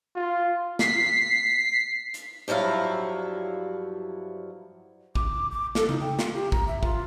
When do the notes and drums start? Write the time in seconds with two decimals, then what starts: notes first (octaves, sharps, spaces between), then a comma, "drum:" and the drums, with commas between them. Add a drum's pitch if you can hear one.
0.15 F4
0.79 B6 C7, drum: snare
2.14 drum: hi-hat
2.48 G2 F3 F#3 E4 F5
5.15 D6, drum: kick
5.52 D6
5.75 A4, drum: snare
5.89 D#4, drum: tom C#3
6.01 G5
6.19 F4, drum: snare
6.34 G4
6.52 A#5, drum: kick
6.67 E5
6.83 F4, drum: kick